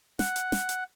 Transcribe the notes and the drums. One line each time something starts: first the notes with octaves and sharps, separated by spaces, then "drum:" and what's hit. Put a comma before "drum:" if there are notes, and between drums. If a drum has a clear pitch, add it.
F#5, drum: snare
drum: hi-hat
drum: snare
drum: hi-hat